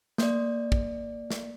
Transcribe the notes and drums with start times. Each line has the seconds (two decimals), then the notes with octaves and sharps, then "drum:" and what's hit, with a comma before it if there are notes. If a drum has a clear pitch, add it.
0.18 A#3 D5, drum: snare
0.72 drum: kick
1.30 drum: snare